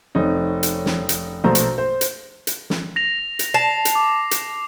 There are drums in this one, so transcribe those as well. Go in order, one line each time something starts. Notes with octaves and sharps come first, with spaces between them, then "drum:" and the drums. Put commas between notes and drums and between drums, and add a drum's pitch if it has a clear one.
F1 C4 C#4 D#4
drum: hi-hat
drum: snare
drum: hi-hat
A#1 B2 A3 C5 A#5
drum: hi-hat
C5
drum: hi-hat
drum: hi-hat
drum: snare
A#6 F7
drum: hi-hat
A5 C7
drum: hi-hat
D6
drum: hi-hat